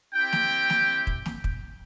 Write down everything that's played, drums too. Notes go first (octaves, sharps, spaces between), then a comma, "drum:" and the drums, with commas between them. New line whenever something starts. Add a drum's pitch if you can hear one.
C4 E4 G4 G5
drum: snare
drum: snare
drum: kick
drum: snare
drum: kick